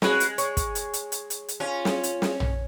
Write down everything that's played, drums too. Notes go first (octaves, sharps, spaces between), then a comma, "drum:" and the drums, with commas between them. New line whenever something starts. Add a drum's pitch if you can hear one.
G#3 F#4 B4 C#5, drum: snare
drum: hi-hat
C#5, drum: hi-hat
drum: kick, hi-hat
drum: hi-hat
drum: hi-hat
drum: hi-hat
drum: hi-hat
drum: hi-hat
C#4 F4
drum: snare
drum: hi-hat
drum: snare
drum: tom